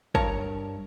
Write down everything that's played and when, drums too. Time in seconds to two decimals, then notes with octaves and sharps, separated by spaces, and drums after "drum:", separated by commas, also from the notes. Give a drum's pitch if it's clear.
0.15 G2 A#4 C#5 A5, drum: kick